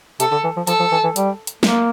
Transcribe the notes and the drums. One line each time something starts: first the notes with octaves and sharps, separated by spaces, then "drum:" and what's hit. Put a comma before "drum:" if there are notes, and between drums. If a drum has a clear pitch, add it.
C3 A4, drum: hi-hat
D3
E3
F3
F3 A4, drum: hi-hat
F3
E3
E3
G3, drum: hi-hat
drum: hi-hat
A#3, drum: snare